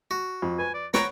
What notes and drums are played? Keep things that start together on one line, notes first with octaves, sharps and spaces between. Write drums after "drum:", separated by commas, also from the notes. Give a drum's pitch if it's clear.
F#4
F2
B4 G#5
D5
B3 B4 C#5 F#5 G5 A#5 C#6, drum: snare